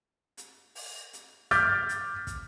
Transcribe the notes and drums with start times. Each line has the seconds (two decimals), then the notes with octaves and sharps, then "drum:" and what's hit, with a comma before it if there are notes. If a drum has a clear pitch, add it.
0.37 drum: hi-hat
0.75 drum: open hi-hat
1.13 drum: hi-hat
1.51 D6 F6 G6 A6 B6, drum: snare
1.89 drum: hi-hat
2.27 drum: kick, hi-hat